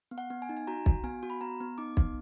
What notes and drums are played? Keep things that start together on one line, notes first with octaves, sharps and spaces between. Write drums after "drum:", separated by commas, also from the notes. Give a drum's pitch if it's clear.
B3
F#5
B3
G#5
D#4
G#5
F#4 A#5
F#4, drum: kick
B3 G#5
F#4
B5
B3 A#5
B3
D#4 D6
B3, drum: kick